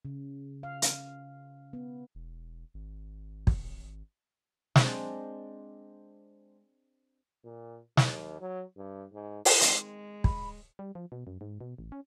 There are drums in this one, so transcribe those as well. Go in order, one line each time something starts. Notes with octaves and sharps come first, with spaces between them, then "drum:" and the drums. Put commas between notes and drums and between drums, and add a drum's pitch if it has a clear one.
C#3
F5
drum: hi-hat
B3
E1
G#1
drum: kick
G#3 C4 D4, drum: snare
A#2
D#2, drum: snare
F#3
G2
G#2
drum: open hi-hat
D#3 G#3 C4, drum: hi-hat
B5, drum: kick
G3
F3
B2
F#2
G#2
B2
A1
C#4